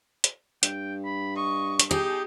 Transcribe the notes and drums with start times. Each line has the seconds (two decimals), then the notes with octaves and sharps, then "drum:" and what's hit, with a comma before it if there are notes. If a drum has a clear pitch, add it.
0.24 drum: hi-hat
0.63 G2 G5, drum: hi-hat
1.05 B5
1.36 D#5 C#6
1.80 drum: hi-hat
1.91 D#4 G4 G#4